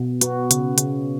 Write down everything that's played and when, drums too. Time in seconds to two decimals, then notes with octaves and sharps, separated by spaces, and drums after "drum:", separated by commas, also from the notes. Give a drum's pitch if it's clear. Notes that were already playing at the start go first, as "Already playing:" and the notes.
Already playing: B2
0.21 B3 F#4, drum: hi-hat
0.51 C#3, drum: hi-hat
0.78 C#3, drum: hi-hat